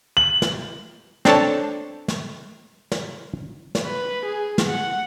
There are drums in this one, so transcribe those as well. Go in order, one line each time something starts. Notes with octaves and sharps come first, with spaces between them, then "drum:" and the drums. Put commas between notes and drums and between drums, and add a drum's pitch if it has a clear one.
F#7
drum: snare
C4 D4 A4 C#5 A5, drum: snare
drum: snare
drum: snare
drum: snare
B4
G#4
drum: snare
F#5